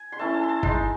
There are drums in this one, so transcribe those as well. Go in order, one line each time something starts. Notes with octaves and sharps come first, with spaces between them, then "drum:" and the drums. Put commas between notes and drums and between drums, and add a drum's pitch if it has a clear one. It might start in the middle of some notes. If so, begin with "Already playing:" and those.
Already playing: G#5
C6
A3 C#4 E4 A5
A5
C6
A5
G#3 D#4 C6, drum: kick